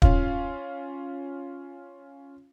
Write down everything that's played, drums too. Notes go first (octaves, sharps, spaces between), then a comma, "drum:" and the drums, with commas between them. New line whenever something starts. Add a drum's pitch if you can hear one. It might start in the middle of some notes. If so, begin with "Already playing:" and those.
C#4 F4 F5, drum: kick